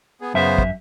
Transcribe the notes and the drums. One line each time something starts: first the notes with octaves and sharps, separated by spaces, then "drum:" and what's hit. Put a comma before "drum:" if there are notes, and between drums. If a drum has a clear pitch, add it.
B3 G#4
F#2 C#3 B3 C5 E5
drum: kick